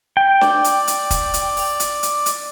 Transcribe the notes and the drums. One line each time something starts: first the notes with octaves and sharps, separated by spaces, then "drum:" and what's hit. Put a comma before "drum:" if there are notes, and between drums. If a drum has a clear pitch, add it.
G5
D5, drum: snare
drum: hi-hat
drum: hi-hat
drum: kick, hi-hat
drum: hi-hat
drum: open hi-hat
drum: hi-hat
drum: hi-hat
drum: hi-hat